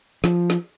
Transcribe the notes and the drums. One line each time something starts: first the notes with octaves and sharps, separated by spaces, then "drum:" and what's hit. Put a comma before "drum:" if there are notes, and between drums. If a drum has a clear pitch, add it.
F3, drum: snare
drum: snare